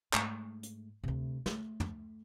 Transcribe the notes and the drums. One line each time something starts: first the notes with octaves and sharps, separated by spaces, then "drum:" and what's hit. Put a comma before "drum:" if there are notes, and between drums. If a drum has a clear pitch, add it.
G#2 A3, drum: clap
drum: hi-hat
D2 C3
A3, drum: snare
drum: tom